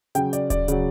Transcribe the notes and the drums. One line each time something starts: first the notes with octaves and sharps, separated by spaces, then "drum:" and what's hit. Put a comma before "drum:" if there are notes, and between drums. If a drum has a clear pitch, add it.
C#3 F#3 G5, drum: hi-hat
D5, drum: hi-hat
D5, drum: kick D#1, hi-hat
C#3 F#3, drum: hi-hat